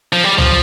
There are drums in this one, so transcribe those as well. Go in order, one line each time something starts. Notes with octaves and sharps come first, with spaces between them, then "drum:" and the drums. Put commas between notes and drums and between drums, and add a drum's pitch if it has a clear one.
F3
G3
F3, drum: tom C2